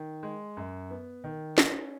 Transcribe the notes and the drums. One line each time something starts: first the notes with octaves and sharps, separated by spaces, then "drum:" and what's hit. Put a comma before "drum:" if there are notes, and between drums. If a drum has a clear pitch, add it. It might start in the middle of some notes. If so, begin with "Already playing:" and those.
Already playing: D#3
G#3
F#2
B3
D#3
C#4, drum: snare